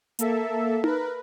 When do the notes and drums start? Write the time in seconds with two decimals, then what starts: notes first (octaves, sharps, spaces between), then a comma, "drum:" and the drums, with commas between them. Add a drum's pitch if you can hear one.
0.19 A#3 A4 E5, drum: hi-hat
0.84 A#4 B4, drum: tom D#4